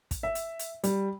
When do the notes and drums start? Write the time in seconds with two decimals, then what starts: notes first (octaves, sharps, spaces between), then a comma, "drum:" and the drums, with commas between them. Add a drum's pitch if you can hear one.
0.11 drum: kick, hi-hat
0.23 E5
0.35 drum: hi-hat
0.59 drum: hi-hat
0.84 G3, drum: hi-hat